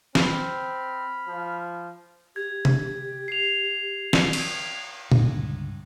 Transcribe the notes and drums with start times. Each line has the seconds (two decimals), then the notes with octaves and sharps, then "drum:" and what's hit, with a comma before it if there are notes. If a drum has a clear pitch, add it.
0.15 C4 B5 F6, drum: snare
1.27 F3
2.36 G4 G#6
2.65 drum: tom C3
3.28 C7 F7
4.13 drum: snare
4.33 drum: cymbal
5.12 C#2 G2 D3, drum: tom A#2